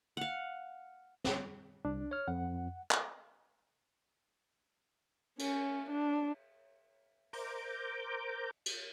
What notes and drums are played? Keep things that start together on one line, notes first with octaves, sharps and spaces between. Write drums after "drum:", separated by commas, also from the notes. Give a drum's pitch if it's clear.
F5 F#5
drum: snare
C2 D4
C#5 F6
F2 F#5
drum: clap
C#4, drum: cymbal
D4
A#4 C5 A#5 D6 G6, drum: open hi-hat
drum: cymbal